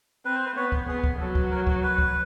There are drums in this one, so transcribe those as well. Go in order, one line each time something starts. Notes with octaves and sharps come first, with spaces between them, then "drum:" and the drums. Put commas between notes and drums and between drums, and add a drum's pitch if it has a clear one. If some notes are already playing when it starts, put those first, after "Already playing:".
C4 B4
C5
B4
B3 C#5
drum: kick C#2
B3 G#4
drum: kick C#2
F#3 A4
drum: kick C#2
A#4
drum: kick C#2
B4
drum: kick C#2